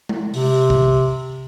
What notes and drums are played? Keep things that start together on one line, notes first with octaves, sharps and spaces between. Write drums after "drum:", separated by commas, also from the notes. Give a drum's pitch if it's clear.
drum: tom G#3
C3, drum: open hi-hat
drum: kick